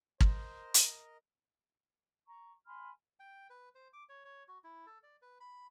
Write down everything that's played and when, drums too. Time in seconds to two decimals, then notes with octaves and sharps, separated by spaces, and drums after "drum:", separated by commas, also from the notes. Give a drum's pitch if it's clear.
0.21 A#4 C5 D#5, drum: kick
0.74 drum: hi-hat
2.25 A#5 C#6
2.65 G#5 B5 C6 F6
3.20 G5
3.50 B4
3.75 C5
3.93 D6
4.09 C#5
4.25 C#5
4.48 F#4
4.64 E4
4.86 A4
5.03 D5
5.22 B4
5.40 B5